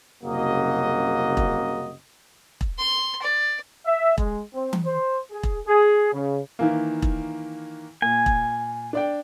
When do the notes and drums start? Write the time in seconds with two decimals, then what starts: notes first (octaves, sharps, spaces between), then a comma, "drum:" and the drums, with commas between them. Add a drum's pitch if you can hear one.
0.23 F#1 C2 C#3 A#3 F#4 D#5
1.37 drum: kick E1
2.61 drum: kick E1
2.78 C6
3.23 D5
3.85 E5
4.18 G#3, drum: kick E1
4.54 C4
4.73 drum: tom E3
4.86 C5
5.31 G#4
5.43 drum: kick E1
5.67 G#4
6.13 C#3
6.59 D#3 E3 A#3
7.02 drum: kick E1
8.02 A#2 G#5
8.26 drum: kick E1
8.93 D4 D5 G5